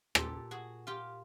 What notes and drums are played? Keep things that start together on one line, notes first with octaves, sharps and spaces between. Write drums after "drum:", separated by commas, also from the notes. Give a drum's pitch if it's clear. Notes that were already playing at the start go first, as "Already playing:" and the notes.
A#2 G4 A4, drum: rim click
F#4 G#4
F4 G4